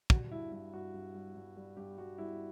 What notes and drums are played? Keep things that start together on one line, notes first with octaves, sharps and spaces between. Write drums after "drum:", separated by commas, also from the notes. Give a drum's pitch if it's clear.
G3 F#4, drum: kick
G2 E4
G2 E4
G2 F#4
G2
G3
G2
G3
G2 G4
G3 F#4
G3 E4